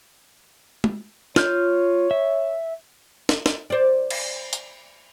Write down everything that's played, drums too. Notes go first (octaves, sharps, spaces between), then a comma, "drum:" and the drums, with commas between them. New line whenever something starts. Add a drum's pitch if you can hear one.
drum: tom
F4 C#5 F6 G6, drum: snare
E5
drum: snare
drum: snare
C5 D5
drum: cymbal
drum: hi-hat